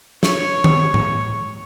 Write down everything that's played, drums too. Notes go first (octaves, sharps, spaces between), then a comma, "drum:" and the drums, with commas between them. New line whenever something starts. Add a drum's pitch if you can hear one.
C#5 C#6, drum: snare
drum: tom D#3
drum: tom